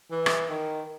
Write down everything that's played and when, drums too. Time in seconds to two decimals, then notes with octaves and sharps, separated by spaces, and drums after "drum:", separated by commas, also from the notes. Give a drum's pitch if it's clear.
0.11 E3
0.26 drum: rim click
0.49 D#3